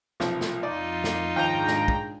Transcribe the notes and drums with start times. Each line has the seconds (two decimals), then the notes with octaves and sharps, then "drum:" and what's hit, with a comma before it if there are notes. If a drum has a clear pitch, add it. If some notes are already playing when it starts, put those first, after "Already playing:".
0.20 B1 C3 F3, drum: snare
0.41 drum: snare
0.63 F2 D#4 F4 D5 E6 C7
1.04 drum: snare
1.36 D#2 G#2 F3 D4 G#4 G5 A#5
1.67 drum: snare
1.88 drum: kick